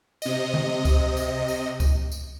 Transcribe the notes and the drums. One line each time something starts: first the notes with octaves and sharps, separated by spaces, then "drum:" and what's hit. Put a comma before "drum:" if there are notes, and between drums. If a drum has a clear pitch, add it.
C3 D#5, drum: tambourine
drum: tom C#3
drum: kick C#2, tambourine
drum: tambourine
drum: tambourine
drum: kick C#2, tambourine
drum: tambourine